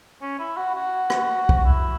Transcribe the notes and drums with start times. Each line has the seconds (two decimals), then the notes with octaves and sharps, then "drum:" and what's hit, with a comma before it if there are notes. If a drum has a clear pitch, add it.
0.22 C#4
0.39 E4
0.57 F#4
0.75 F#4
1.10 drum: rim click
1.49 drum: kick
1.65 E4